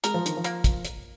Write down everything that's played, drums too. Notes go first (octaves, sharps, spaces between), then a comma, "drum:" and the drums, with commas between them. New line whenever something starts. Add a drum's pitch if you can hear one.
G#3 A#4, drum: hi-hat
F3
D#3, drum: hi-hat
F3
A#3, drum: hi-hat
drum: kick, hi-hat
drum: hi-hat